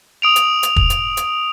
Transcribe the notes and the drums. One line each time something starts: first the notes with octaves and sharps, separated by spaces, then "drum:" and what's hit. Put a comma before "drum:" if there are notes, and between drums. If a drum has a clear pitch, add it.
D#6 D7 F7
drum: hi-hat
drum: hi-hat
drum: kick
drum: hi-hat
drum: hi-hat